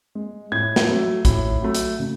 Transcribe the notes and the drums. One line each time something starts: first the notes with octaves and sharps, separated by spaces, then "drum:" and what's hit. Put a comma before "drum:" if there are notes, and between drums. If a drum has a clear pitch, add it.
G#3
A2 G#6
drum: snare
F#3 A3
A2, drum: kick A1, hi-hat
F#3 A3
drum: hi-hat
C#3